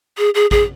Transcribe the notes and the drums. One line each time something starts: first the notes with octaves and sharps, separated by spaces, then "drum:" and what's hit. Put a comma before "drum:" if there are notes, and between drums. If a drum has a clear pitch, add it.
G#4
G#4
G#4, drum: kick A1